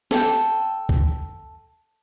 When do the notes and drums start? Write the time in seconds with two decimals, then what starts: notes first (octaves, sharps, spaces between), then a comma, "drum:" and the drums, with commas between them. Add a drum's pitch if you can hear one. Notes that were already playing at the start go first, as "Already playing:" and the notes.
0.11 A4 G5, drum: snare
0.89 drum: kick C#2